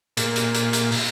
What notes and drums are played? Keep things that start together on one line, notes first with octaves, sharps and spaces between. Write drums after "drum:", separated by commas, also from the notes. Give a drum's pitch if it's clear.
A#2, drum: hi-hat
drum: hi-hat
drum: hi-hat
drum: hi-hat
drum: open hi-hat